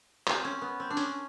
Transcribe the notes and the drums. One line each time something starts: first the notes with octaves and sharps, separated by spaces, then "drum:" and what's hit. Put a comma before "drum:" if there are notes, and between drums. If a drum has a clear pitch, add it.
C4, drum: clap
C#4
B3
C4
D4
C#4, drum: hi-hat